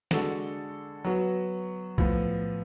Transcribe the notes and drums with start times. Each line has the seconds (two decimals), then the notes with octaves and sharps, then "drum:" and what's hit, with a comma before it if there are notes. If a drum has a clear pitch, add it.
0.11 D3 G#3 D4 F#4 A4, drum: snare
1.04 F#3 B3 F#4
1.98 A2 F3 B3, drum: kick B1